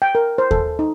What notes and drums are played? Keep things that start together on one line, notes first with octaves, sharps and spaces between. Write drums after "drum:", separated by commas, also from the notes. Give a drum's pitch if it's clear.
G5
A#4
C5
A4, drum: kick D#2
D#4